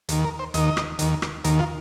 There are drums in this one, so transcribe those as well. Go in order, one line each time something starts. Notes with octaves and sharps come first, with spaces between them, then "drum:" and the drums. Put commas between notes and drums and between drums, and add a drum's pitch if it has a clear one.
D#2 D#3, drum: hi-hat
A#4
C5
D#2 D#3 D#5, drum: hi-hat
drum: rim click
D#2 D#3, drum: hi-hat
drum: rim click
D#2 D#3 A#4, drum: hi-hat
F4